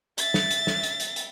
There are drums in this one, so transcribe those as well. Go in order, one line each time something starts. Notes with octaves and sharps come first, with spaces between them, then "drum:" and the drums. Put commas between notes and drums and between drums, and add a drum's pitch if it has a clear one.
E5 A6, drum: hi-hat
drum: snare
drum: hi-hat
drum: snare
drum: hi-hat
drum: hi-hat
drum: hi-hat